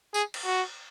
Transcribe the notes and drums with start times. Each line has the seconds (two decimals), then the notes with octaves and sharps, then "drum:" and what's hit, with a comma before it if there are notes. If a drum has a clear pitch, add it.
0.14 G#4, drum: tambourine
0.34 drum: cymbal
0.45 F#4